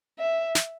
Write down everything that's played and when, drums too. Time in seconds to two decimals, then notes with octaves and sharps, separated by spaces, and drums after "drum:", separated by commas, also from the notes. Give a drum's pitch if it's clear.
0.19 E5
0.55 drum: snare